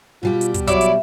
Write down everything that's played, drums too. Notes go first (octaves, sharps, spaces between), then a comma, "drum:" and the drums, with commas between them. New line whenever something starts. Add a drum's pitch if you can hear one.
B2 G3 F4 G4
drum: hi-hat
drum: kick, hi-hat
F#3 E4 C#5 D5, drum: kick, hi-hat
drum: hi-hat